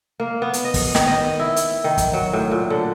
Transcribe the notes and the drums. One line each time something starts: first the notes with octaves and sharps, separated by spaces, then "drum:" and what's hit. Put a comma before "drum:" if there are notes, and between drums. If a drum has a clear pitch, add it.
A#3
B3
drum: hi-hat
D#5
drum: kick, open hi-hat
D#3, drum: snare
D#5
E4
drum: hi-hat
D#3
drum: kick, hi-hat
F#3
A2
A#2
D3